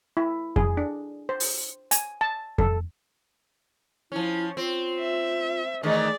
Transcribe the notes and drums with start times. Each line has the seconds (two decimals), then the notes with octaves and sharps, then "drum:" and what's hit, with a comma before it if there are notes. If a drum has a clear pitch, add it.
0.17 E4
0.56 G#4, drum: kick F2
0.77 D4
1.29 C5
1.40 drum: open hi-hat
1.91 G#5, drum: hi-hat
2.21 A5
2.58 A4, drum: kick F2
4.12 F3 C#4 E4
4.57 C4 F4
5.00 E5
5.83 D#3 E3 A3 D#4 G#4 D5